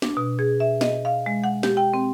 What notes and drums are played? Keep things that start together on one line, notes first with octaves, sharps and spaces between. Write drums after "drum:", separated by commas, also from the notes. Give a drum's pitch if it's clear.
D4, drum: snare
B2
G#4
E5
D#5, drum: snare
F5
G#3
F#5
G4, drum: snare
G5
C4